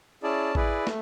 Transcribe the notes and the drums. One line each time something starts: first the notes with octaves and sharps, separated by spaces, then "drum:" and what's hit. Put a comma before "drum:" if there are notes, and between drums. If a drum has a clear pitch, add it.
C#4 E4 G#4 D5 A5
E4 G#4 B4 D5, drum: kick A1
A3, drum: snare